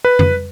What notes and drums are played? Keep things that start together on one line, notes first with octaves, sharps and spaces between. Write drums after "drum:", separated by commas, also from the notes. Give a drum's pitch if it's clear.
B4
drum: tom F2